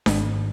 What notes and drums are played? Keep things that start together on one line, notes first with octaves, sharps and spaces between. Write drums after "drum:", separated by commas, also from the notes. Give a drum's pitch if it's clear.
G#1, drum: snare D4